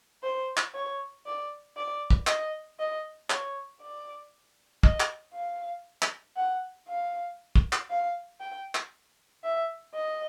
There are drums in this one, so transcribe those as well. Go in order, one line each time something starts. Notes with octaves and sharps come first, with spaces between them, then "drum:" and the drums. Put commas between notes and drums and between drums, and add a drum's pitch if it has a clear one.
C5
drum: clap
C#5
D5
D5
drum: kick
D#5, drum: clap
D#5
C#5, drum: clap
D5
D#5, drum: kick
drum: clap
F5
drum: clap
F#5
F5
drum: kick
drum: clap
F5
G5
drum: clap
E5
D#5